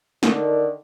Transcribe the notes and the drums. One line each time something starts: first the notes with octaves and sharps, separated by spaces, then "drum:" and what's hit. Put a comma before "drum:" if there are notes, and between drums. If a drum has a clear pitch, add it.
D3 D#3, drum: snare